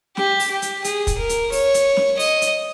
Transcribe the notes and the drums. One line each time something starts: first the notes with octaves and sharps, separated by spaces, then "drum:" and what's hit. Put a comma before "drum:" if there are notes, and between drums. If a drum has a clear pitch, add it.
G4, drum: snare
drum: open hi-hat
G4
drum: hi-hat
G#4, drum: hi-hat
drum: kick, hi-hat
A#4
drum: hi-hat
C#5, drum: open hi-hat
drum: hi-hat
drum: snare
D#5, drum: open hi-hat
drum: hi-hat